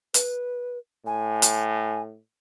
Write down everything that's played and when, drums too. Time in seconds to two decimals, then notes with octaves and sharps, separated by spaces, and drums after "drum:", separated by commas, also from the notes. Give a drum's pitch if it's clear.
0.14 B4, drum: hi-hat
1.06 A2 G#5
1.42 drum: hi-hat